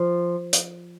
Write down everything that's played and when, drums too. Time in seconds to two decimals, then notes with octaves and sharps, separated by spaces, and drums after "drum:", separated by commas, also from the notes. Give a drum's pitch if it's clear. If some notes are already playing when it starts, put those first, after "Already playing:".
Already playing: F3
0.53 drum: hi-hat